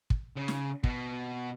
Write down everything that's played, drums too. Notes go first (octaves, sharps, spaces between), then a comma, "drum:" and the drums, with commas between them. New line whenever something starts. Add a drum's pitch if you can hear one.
drum: kick
C#3
drum: snare
B2, drum: kick